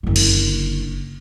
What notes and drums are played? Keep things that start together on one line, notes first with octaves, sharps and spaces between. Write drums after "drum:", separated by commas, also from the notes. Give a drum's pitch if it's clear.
F#1 D3
drum: cymbal